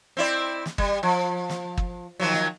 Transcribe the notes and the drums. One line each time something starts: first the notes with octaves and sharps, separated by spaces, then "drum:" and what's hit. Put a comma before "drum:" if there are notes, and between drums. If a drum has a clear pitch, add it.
C4 E4 D5
drum: snare
G3, drum: kick
F3
drum: snare
drum: kick
D#3 F3 F#3
drum: snare